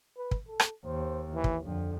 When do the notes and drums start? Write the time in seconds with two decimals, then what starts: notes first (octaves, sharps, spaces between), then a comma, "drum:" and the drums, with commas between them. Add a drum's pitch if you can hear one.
0.17 B4
0.31 drum: kick
0.48 A4
0.60 drum: rim click
0.85 D#2 C5
1.35 E3
1.44 drum: kick
1.65 F2 D3